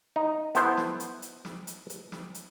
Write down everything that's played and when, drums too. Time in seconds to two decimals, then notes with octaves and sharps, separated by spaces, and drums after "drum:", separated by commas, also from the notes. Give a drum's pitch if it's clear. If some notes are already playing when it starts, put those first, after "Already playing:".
0.16 D#4
0.55 B3 E4 A4 C5, drum: hi-hat
0.77 drum: snare
1.00 drum: hi-hat
1.22 drum: hi-hat
1.45 drum: snare
1.67 drum: hi-hat
1.90 drum: hi-hat
2.12 drum: snare
2.35 drum: hi-hat